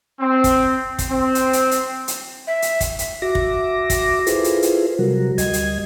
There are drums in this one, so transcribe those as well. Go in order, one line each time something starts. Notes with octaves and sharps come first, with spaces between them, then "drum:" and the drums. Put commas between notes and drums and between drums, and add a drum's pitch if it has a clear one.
C4
drum: kick, hi-hat
drum: kick, hi-hat
C4
drum: hi-hat
drum: hi-hat
drum: hi-hat
drum: hi-hat
E5
drum: hi-hat
drum: kick, hi-hat
drum: hi-hat
F#4 E5 D6 A#6
drum: kick
drum: kick, hi-hat
E4 F4 G#4 A4 B4 C5, drum: hi-hat
drum: hi-hat
drum: hi-hat
C3 F#3 G3 F#4 A#4
D2 G3 D#5 G#6, drum: hi-hat
drum: hi-hat